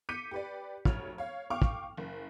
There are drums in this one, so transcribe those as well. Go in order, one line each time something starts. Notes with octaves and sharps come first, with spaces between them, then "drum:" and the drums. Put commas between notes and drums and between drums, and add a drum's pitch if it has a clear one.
D6 G6 B6 C#7 D#7
G4 B4 D5
F1 F#3 C#5 F6, drum: kick
C#5 F5
F5 G5 C#6 D6 F6
drum: kick
F#1